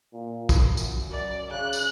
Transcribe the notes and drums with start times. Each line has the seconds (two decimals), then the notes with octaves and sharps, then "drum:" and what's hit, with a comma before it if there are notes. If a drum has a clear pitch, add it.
0.13 A#2
0.49 drum: kick, tambourine
0.77 F#2, drum: tambourine
1.11 F#2 D5
1.51 C#3 F#6
1.73 drum: tambourine